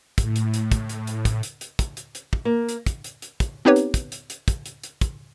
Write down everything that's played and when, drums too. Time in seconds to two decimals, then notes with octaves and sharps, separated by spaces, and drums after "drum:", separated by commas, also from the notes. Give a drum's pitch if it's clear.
0.18 A2, drum: kick, hi-hat
0.36 drum: hi-hat
0.54 drum: hi-hat
0.72 drum: kick, hi-hat
0.89 drum: hi-hat
1.07 drum: hi-hat
1.25 drum: kick, hi-hat
1.43 drum: hi-hat
1.61 drum: hi-hat
1.79 drum: kick, hi-hat
1.97 drum: hi-hat
2.15 drum: hi-hat
2.33 drum: kick
2.45 A#3
2.69 drum: hi-hat
2.86 drum: kick, hi-hat
3.04 drum: hi-hat
3.22 drum: hi-hat
3.40 drum: kick, hi-hat
3.65 B3 C4 D#4 G4 B4 C#5
3.76 drum: hi-hat
3.94 drum: kick, hi-hat
4.12 drum: hi-hat
4.30 drum: hi-hat
4.48 drum: kick, hi-hat
4.66 drum: hi-hat
4.84 drum: hi-hat
5.01 drum: kick, hi-hat